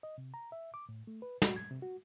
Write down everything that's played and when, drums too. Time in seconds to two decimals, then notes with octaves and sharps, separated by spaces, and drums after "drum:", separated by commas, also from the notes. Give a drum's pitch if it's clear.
0.03 D#5
0.18 C3
0.34 A#5
0.52 E5
0.74 D6
0.89 A2
1.07 A3
1.22 B4
1.42 F#4, drum: snare
1.56 G#6
1.71 C3
1.82 F#4